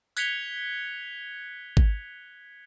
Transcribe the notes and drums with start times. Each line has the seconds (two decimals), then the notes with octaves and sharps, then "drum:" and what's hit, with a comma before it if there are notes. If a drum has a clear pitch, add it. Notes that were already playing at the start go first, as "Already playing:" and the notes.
0.17 F#6 G#6 B6 C#7 F7 G7, drum: tambourine
1.77 drum: kick G#1